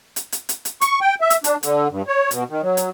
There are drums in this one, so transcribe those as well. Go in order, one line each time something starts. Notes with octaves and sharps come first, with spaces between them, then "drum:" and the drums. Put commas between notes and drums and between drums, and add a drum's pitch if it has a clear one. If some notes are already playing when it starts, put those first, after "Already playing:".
drum: hi-hat
drum: hi-hat
drum: hi-hat
drum: hi-hat
C#6, drum: hi-hat
G5
E5
drum: hi-hat
D4, drum: hi-hat
D3, drum: hi-hat
G2
C#5
B2, drum: hi-hat
D#3
F#3
drum: hi-hat